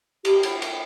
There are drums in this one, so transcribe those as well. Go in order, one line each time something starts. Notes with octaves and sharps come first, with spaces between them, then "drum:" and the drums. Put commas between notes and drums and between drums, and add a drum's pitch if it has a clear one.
G4, drum: cymbal
drum: cymbal
drum: cymbal